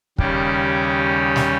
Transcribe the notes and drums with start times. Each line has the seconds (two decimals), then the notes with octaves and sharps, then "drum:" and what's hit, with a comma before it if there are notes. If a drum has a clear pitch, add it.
0.18 D#2 C#3 G3 C#4 G4, drum: kick
1.36 drum: snare